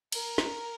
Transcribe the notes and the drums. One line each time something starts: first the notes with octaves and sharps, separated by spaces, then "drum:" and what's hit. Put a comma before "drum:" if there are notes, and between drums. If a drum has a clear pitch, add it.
A#4, drum: cymbal
drum: snare